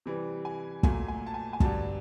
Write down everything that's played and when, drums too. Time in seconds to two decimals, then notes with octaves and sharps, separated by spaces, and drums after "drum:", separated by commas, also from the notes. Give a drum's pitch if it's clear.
0.06 C3 E3 G3
0.45 G#5
0.83 A#2 F#3 A3 G#5, drum: kick
1.08 G#5
1.26 A5
1.34 G#5
1.53 G#5
1.60 G2 D3 F#3 A5, drum: kick